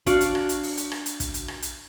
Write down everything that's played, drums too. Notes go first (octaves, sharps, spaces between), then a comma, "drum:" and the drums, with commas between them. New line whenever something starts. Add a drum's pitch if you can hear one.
D4 F#4 D5 F5, drum: kick, hi-hat
drum: hi-hat
drum: rim click
drum: hi-hat
drum: open hi-hat
drum: hi-hat
drum: rim click
drum: hi-hat
drum: kick, hi-hat
drum: hi-hat
drum: rim click
drum: hi-hat